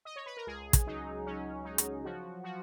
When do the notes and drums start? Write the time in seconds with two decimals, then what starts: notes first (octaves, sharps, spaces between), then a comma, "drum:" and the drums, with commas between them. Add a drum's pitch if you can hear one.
0.05 D#5
0.16 C#5
0.26 B4
0.37 A#4
0.47 C#2 G#4
0.73 drum: kick, hi-hat
0.87 F#3 D#4
1.26 F#3 C#4
1.65 F#3 D#4
1.78 drum: hi-hat
2.05 F3 F#4
2.43 F3 F#4